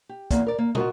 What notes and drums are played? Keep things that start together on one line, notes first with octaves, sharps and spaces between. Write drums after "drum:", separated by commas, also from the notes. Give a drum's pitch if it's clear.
G4
E2 A#3, drum: kick, hi-hat
A#4 D5
A#3
F4 F#4 A#4 D#5, drum: tom